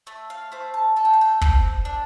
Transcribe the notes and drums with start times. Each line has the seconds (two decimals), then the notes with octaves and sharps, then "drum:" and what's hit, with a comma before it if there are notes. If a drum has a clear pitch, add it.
0.07 A3
0.30 F5
0.52 A3 C5
0.74 A5
0.96 A4 A5
1.05 G5
1.13 F5
1.21 G5
1.41 C4, drum: kick
1.85 D4